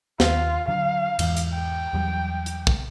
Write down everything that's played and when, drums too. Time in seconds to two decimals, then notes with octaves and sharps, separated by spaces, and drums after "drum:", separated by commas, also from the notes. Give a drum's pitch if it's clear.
0.20 D#2 F4, drum: snare
0.68 D3 F#3 F5
1.19 E2 G#2 E3, drum: cymbal
1.37 drum: hi-hat
1.53 G5
1.93 E2 F#3 G3
2.46 drum: hi-hat
2.67 drum: kick